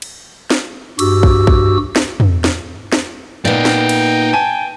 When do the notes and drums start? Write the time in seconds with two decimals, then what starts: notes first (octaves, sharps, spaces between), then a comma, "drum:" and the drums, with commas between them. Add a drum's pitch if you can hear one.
0.02 drum: cymbal
0.50 drum: snare
0.99 G2 F#4 G4 E6, drum: cymbal
1.23 drum: kick
1.47 drum: kick
1.96 drum: snare
2.20 drum: tom
2.44 drum: snare
2.92 drum: snare
3.45 A#2 B3 D#4 D5 G5
3.65 drum: snare
3.89 drum: cymbal
4.33 G#5 A5 D#7